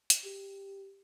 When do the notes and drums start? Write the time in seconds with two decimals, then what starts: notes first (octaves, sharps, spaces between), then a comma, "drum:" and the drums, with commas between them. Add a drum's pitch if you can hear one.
0.10 drum: hi-hat
0.25 G4